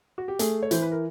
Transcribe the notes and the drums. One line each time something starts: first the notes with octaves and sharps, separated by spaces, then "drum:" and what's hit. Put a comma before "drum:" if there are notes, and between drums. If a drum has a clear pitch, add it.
F#4
G4
A3 G#4, drum: hi-hat
C#5
E3 C5, drum: hi-hat
B4
A#4